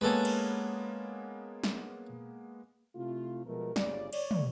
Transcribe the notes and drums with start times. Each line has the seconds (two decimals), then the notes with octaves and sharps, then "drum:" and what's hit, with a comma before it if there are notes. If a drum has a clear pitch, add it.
0.01 G#3 A#3 B3 C#4 A4 B4
0.25 drum: cymbal
1.64 drum: snare
2.95 C3 A3 E4 F4
3.45 B2 F3 G#3 A3 A#4
3.76 G1 C#3 D5, drum: snare
4.13 C#5 D5, drum: cymbal
4.31 drum: tom